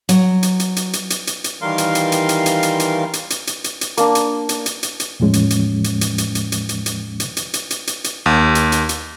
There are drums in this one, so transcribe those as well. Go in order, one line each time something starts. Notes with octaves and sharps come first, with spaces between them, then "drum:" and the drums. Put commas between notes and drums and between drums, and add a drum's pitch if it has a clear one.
F#3, drum: hi-hat
drum: hi-hat
drum: hi-hat
drum: hi-hat
drum: hi-hat
drum: hi-hat
drum: hi-hat
drum: hi-hat
D#3 E3 G3 A#4 F5 C6
drum: hi-hat
drum: hi-hat
drum: hi-hat
drum: hi-hat
drum: hi-hat
drum: hi-hat
drum: hi-hat
drum: hi-hat
drum: hi-hat
drum: hi-hat
drum: hi-hat
drum: hi-hat
A#3 D4, drum: hi-hat
drum: hi-hat
drum: hi-hat
drum: hi-hat
drum: hi-hat
drum: hi-hat
E2 A2 F3 G#3 C#4
drum: hi-hat
drum: hi-hat
drum: hi-hat
drum: hi-hat
drum: hi-hat
drum: hi-hat
drum: hi-hat
drum: hi-hat
drum: hi-hat
drum: hi-hat
drum: hi-hat
drum: hi-hat
drum: hi-hat
drum: hi-hat
drum: hi-hat
D#2
drum: hi-hat
drum: hi-hat
drum: hi-hat